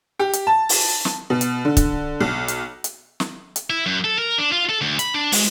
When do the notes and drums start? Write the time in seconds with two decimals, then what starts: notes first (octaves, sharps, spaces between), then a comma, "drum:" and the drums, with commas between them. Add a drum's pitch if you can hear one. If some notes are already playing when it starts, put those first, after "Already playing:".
0.19 G4
0.33 drum: hi-hat
0.47 A5
0.69 drum: open hi-hat
1.05 drum: snare
1.30 B2
1.41 drum: hi-hat
1.65 D3
1.77 drum: kick, hi-hat
2.21 B1
2.48 drum: hi-hat
2.84 drum: hi-hat
3.20 drum: snare
3.56 drum: hi-hat
3.70 E4
3.86 F#2
4.04 A4
4.18 A#4
4.38 D4
4.52 F4
4.69 A4
4.81 D2
4.99 B5, drum: hi-hat
5.14 D4
5.32 G#3, drum: open hi-hat